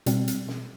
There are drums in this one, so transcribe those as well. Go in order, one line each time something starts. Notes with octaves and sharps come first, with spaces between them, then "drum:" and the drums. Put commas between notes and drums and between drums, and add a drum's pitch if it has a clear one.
B2 G3 C4, drum: hi-hat
drum: hi-hat
drum: snare